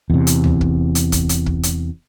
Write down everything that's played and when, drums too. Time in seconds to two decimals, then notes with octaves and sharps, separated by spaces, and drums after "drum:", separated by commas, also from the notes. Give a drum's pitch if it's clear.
0.10 E2 C3
0.27 drum: hi-hat
0.44 drum: tom D2
0.61 drum: kick
0.95 drum: hi-hat
1.12 drum: kick, hi-hat
1.29 drum: hi-hat
1.46 drum: kick
1.63 drum: hi-hat